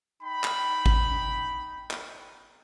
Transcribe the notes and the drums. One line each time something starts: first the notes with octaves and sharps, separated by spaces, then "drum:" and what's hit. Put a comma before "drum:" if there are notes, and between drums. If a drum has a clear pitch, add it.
D#4 G5 B5
drum: clap
drum: kick G#1
drum: clap